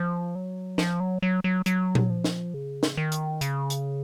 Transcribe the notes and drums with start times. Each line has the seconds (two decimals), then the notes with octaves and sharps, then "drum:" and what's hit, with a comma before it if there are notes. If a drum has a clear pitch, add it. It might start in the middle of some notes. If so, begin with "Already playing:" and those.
Already playing: F3
0.35 F#3
0.78 F3, drum: snare
1.00 F#3
1.22 F#3
1.44 F#3
1.66 F#3, drum: hi-hat
1.95 drum: tom A#2
2.10 F3
2.24 drum: snare
2.54 C#3
2.83 drum: snare
2.97 D#3
3.12 drum: hi-hat
3.41 C#3, drum: hi-hat
3.70 drum: hi-hat